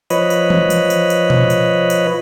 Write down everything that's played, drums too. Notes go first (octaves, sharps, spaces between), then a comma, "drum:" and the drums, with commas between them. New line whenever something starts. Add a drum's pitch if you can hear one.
F3 B4 C#5 D#5 B5, drum: tambourine
drum: tambourine
drum: tom E3
drum: tambourine
drum: tambourine
drum: tambourine
drum: tom B2
drum: tambourine
drum: tambourine